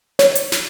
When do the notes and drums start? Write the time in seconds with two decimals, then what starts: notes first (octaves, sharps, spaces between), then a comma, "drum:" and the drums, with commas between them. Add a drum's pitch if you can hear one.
0.19 C#5, drum: snare
0.35 drum: hi-hat
0.52 drum: snare